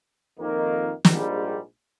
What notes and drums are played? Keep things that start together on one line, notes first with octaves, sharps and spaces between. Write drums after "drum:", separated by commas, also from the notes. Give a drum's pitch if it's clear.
F2 D#3 A#3
A#1 G#2 G3, drum: snare